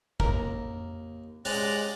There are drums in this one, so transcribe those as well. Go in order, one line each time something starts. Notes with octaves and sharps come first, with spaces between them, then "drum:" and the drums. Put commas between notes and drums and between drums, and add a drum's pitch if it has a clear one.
D#2 A#4, drum: kick
G#3 C#4 G4 C5 D5 D#5 A#5 F#6, drum: open hi-hat